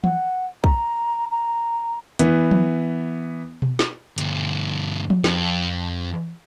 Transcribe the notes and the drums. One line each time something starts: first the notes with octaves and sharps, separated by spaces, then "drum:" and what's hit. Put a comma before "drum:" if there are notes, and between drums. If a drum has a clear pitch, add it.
F#5, drum: tom E3
A#5, drum: kick
A#5
E3 B3, drum: hi-hat
drum: tom F3
drum: tom B2
drum: snare
D2 G2, drum: hi-hat
drum: tom F3
F2, drum: snare